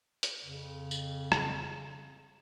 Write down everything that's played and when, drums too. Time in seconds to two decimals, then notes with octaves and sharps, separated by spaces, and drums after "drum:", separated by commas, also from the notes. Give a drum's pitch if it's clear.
0.23 drum: hi-hat
0.44 F2 C#3
0.91 drum: tambourine
1.32 drum: rim click